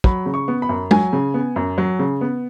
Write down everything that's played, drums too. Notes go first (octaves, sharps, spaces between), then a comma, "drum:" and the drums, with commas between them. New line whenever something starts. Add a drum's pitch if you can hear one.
F#3 B5, drum: kick
C#3
C#6
B3
B5
F#2
F#3 G#5, drum: tom
C#3
B3
F#2
F#3
C#3
B3